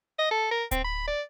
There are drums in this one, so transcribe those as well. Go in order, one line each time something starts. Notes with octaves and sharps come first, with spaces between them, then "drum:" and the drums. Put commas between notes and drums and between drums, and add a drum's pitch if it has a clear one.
D#5
A4
A#4
C4, drum: kick D1, hi-hat
B5
D5